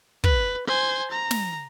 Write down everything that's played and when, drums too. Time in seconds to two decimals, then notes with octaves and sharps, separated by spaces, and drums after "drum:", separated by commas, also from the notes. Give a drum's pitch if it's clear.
0.24 B4, drum: kick
0.67 C5 G#5
1.10 A#5
1.31 drum: snare